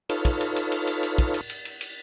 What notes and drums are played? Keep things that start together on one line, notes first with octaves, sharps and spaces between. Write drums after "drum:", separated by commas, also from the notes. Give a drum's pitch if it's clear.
D#4 F4 A4 B4 C#5, drum: cymbal
drum: kick, cymbal
drum: cymbal
drum: cymbal
drum: cymbal
drum: cymbal
drum: cymbal
drum: kick, cymbal
drum: cymbal
drum: cymbal
drum: cymbal
drum: cymbal